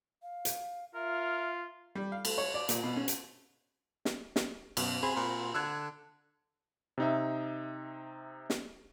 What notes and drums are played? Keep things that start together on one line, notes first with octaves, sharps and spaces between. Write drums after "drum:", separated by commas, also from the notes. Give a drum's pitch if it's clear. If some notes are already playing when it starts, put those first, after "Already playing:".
F5
drum: hi-hat
F4 A#4 E5
G3
F5
A3, drum: cymbal
C#5
D5
A#2, drum: hi-hat
B2
C#4
drum: hi-hat
drum: snare
drum: snare
F#2 B2, drum: cymbal
C4 G#4 B5 C6
A#2
D3 E6 F#6 G#6
C3 D#4 E5
drum: snare